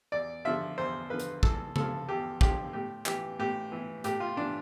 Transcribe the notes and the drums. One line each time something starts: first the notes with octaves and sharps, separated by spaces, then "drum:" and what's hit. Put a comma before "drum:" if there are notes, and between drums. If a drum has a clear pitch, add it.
E2 D5
D3 F3 E5
E2 C5
D3 F3 B4
drum: hi-hat
E2 A4, drum: kick
D3 F3 A4, drum: tom
E2 G4
D3 F3 G4, drum: kick
A2 G4
E3 G4, drum: clap
A2 G4
E3
A2 G4, drum: hi-hat
F4
E3 D4